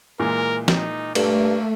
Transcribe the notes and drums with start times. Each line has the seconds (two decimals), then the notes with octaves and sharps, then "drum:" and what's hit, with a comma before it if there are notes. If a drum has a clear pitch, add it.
0.20 A#2 E3 G#3 A#4
0.68 D#4, drum: snare
1.15 G2 A3 A#3, drum: cymbal